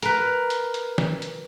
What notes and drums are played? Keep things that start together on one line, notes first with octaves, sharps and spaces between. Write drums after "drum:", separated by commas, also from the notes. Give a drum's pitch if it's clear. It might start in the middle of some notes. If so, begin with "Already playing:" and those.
A#4 B4, drum: hi-hat
drum: hi-hat
drum: hi-hat
drum: snare
drum: hi-hat